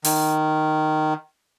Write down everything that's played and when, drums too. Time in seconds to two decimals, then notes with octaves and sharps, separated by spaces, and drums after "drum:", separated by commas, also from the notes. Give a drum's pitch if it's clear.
0.04 D#3, drum: open hi-hat